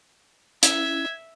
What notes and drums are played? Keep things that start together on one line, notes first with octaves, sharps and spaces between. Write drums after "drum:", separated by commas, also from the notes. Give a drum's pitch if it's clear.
C#4 E4 E5 G#6, drum: hi-hat